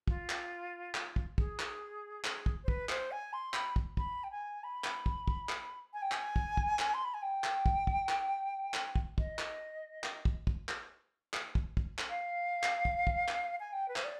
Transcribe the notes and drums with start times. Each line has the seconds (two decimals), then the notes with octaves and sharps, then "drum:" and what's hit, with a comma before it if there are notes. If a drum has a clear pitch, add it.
0.08 F4, drum: kick
0.30 drum: clap
0.95 drum: clap
1.16 drum: kick
1.38 G#4, drum: kick
1.60 drum: clap
2.24 drum: clap
2.46 drum: kick
2.63 C5
2.68 B4, drum: kick
2.89 C5, drum: clap
3.11 G#5
3.33 C6
3.54 B5, drum: clap
3.76 drum: kick
3.97 B5, drum: kick
4.23 G5
4.31 G#5
4.63 B5
4.84 drum: clap
5.06 drum: kick
5.28 drum: kick
5.49 drum: clap
5.93 G#5
6.02 G5
6.12 G#5, drum: clap
6.36 drum: kick
6.57 drum: kick
6.79 drum: clap
6.94 C6
7.04 B5
7.13 G#5
7.22 G5
7.44 drum: clap
7.66 drum: kick
7.87 drum: kick
8.09 drum: clap
8.74 drum: clap
8.96 drum: kick
9.18 D#5, drum: kick
9.39 drum: clap
10.04 drum: clap
10.25 drum: kick
10.47 drum: kick
10.69 drum: clap
11.34 drum: clap
11.55 drum: kick
11.77 drum: kick
11.99 drum: clap
12.09 F5
12.64 drum: clap
12.85 drum: kick
13.07 drum: kick
13.28 drum: clap
13.60 G#5
13.72 G5
13.88 B4
13.96 C5, drum: clap
14.04 D5